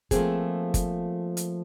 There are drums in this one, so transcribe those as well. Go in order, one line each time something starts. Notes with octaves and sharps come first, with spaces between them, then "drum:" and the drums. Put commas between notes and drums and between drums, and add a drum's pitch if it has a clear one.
F3 A3 A#3 C4 G#4, drum: kick, hi-hat
drum: kick, hi-hat
drum: hi-hat